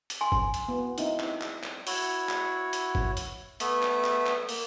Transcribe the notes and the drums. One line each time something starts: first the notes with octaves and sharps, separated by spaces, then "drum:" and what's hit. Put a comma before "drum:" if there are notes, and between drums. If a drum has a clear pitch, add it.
drum: hi-hat
G#5 C6
drum: kick
drum: hi-hat
B3
C4 D#4 E4, drum: hi-hat
drum: clap
drum: clap
drum: clap
E4 F#4 C#5, drum: open hi-hat
drum: clap
drum: hi-hat
drum: kick
drum: hi-hat
A3 B3 E5, drum: hi-hat
drum: clap
drum: clap
drum: clap
A#3, drum: open hi-hat